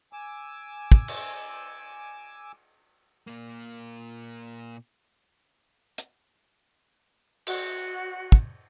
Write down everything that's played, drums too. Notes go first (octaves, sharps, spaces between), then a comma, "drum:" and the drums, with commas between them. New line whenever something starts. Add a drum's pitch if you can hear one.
G#5 D6 E6
drum: kick
drum: cymbal
A#2 A#3
drum: hi-hat
F#4, drum: cymbal
drum: kick